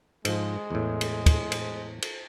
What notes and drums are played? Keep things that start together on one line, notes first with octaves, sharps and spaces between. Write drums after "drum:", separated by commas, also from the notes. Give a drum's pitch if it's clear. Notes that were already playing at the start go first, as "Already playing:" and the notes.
G#2 F3 G#3, drum: cymbal
E2 A2
drum: cymbal
drum: kick, cymbal
drum: cymbal
drum: cymbal